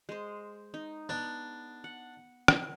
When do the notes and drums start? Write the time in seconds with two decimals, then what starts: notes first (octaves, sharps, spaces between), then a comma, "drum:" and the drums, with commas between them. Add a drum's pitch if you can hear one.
0.09 G#3 C5
0.74 D#4
1.09 B3 D4
1.84 F#5
2.48 drum: rim click